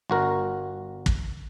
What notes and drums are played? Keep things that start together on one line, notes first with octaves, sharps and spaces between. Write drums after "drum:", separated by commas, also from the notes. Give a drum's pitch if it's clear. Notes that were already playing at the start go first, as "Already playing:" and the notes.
G1 F#4 A#4
drum: kick